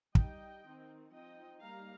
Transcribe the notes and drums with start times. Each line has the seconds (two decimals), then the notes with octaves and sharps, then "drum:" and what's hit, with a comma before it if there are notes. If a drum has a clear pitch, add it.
0.15 G3 D#4 D#5 G5, drum: kick
0.64 D#3 C4 D#4
1.13 F3 C4 D#4 D#5 G5
1.63 G3 A#3 D#4 F5 A#5